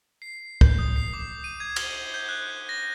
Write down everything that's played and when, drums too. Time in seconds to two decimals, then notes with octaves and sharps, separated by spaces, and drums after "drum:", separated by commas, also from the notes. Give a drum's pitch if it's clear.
0.22 C7
0.61 G6, drum: kick
0.79 D#6
0.96 C7
1.14 D6
1.44 D#7
1.60 G#6
1.76 G7, drum: cymbal
2.14 G6
2.29 F#6
2.69 A#6